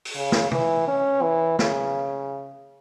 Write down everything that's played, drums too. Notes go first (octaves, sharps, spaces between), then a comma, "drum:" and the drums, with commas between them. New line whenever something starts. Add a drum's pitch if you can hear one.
drum: open hi-hat
C#3
drum: snare
E3, drum: tom
C#4
E3
C#3, drum: snare